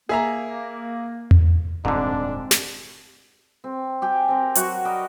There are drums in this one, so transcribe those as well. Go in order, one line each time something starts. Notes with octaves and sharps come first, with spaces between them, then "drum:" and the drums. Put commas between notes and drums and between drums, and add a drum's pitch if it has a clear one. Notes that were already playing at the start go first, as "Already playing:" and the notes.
A#3 G#4 E5 A#5
drum: tom E2
D#1 F2 G#2 D3 C4 D4
drum: snare
C4
G4 G5 G#5
C4 A#4
F#3 F#4 F#5 C#6, drum: hi-hat
A#4 D5 D#5 B5